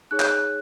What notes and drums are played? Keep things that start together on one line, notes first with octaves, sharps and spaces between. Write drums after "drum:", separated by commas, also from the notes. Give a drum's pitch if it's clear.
D#4 G#4 C#5 F#6
G6, drum: clap
F#6